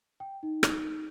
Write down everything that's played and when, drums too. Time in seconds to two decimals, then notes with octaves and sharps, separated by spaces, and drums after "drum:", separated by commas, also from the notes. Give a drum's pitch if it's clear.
0.20 G5
0.43 D#4
0.63 drum: rim click